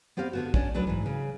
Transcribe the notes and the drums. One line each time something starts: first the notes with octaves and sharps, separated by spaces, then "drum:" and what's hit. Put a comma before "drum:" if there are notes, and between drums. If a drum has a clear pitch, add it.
B3 C4 G4 C5 F5
D3 B3 F#4
C#4 D4, drum: kick
D2 F#3 D4 B4
G#2 E3
C#3